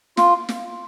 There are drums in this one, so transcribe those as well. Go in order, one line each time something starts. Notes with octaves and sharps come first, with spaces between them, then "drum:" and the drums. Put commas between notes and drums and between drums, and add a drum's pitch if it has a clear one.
F4, drum: snare
drum: snare